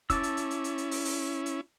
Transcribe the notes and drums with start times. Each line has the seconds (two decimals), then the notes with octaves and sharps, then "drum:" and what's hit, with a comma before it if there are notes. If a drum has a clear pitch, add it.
0.10 C#4 E4 A5 D6 E6, drum: kick, hi-hat
0.23 drum: hi-hat
0.37 drum: hi-hat
0.51 drum: hi-hat
0.64 drum: hi-hat
0.78 drum: hi-hat
0.91 drum: open hi-hat
1.05 drum: open hi-hat
1.46 drum: hi-hat